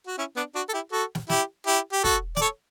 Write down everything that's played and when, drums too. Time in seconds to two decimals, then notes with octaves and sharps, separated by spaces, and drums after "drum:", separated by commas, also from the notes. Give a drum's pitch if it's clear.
0.07 F#4
0.18 C#4 E4
0.36 B3 D4
0.55 D4 F#4
0.69 A4
0.73 E4 G4
0.92 F#4 A4
1.15 drum: snare
1.29 E4 G4, drum: snare
1.67 E4 G4
1.93 G4
2.04 F#4 A4, drum: kick
2.36 D5, drum: snare
2.41 A4 C#5